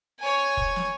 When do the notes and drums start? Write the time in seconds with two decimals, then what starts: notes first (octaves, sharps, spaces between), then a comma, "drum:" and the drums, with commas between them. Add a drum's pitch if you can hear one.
0.19 C#5 G#5
0.57 drum: kick
0.76 drum: snare